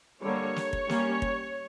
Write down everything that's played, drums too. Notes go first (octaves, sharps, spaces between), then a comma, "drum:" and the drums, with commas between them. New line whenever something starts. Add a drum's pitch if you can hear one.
D3 G3 A#3 C#5
drum: snare
drum: kick
G3 A#3 C#4, drum: snare
drum: kick